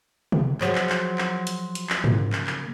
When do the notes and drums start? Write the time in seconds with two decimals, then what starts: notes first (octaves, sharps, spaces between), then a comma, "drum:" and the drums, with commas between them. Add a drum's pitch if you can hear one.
0.32 drum: tom C3
0.61 F3 F#3 G#3, drum: clap
0.75 drum: clap
0.90 drum: clap
1.18 drum: clap
1.47 drum: hi-hat
1.75 drum: hi-hat
1.90 drum: clap
2.04 C#3 A#3, drum: tom G#2
2.33 drum: clap
2.47 drum: clap